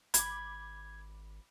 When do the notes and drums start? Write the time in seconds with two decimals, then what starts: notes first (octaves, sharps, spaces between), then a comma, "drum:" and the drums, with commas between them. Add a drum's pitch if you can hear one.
0.14 G#1 B5 D6 G#6, drum: hi-hat